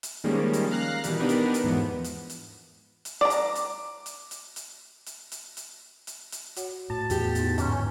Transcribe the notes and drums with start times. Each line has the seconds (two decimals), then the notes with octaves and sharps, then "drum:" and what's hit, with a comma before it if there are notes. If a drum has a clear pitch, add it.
0.03 drum: hi-hat
0.24 D#3 F3 G3 G#3 A#3 C#4
0.53 drum: hi-hat
0.71 F5 A#5 F6 F#6 C7
1.04 B2 D#3 E3 G3, drum: hi-hat
1.19 B3 D4 D#4 G4 A#4 B4
1.29 drum: hi-hat
1.54 drum: hi-hat
1.64 E2 G#2 E3 F3 B3
2.04 drum: hi-hat
2.30 drum: hi-hat
3.05 drum: hi-hat
3.21 D5 A#5
3.30 drum: hi-hat
3.55 drum: hi-hat
4.06 drum: hi-hat
4.31 drum: hi-hat
4.56 drum: hi-hat
5.06 drum: hi-hat
5.32 drum: hi-hat
5.57 drum: hi-hat
6.07 drum: hi-hat
6.32 drum: hi-hat
6.56 F#4 C#5 F#5, drum: hi-hat
6.90 A2 F#4 A5
7.10 E2 F#4 G4, drum: hi-hat
7.35 B3 D#4 E4, drum: hi-hat
7.58 G#2 D3 C#4 C#5 A#5 C6, drum: hi-hat